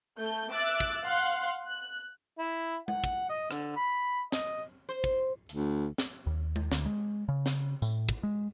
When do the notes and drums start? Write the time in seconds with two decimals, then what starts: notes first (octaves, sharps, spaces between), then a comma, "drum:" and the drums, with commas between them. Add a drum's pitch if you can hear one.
0.18 A3 G6
0.51 E5 D6 E6 F#6 A6
0.80 drum: kick
1.05 F5 F#5 C6 F#6
1.67 F#6
2.38 E4
2.88 F#5, drum: tom G#3
3.04 drum: kick
3.29 D#5
3.51 D3, drum: rim click
3.76 B5
4.32 D#5, drum: snare
4.89 C5
5.04 drum: kick
5.49 D2, drum: hi-hat
5.98 drum: snare
6.27 D#2
6.56 drum: tom G#3
6.72 D2, drum: snare
6.86 G#3
7.29 C#3
7.46 drum: snare
7.82 A2, drum: tambourine
8.09 drum: kick
8.23 G#3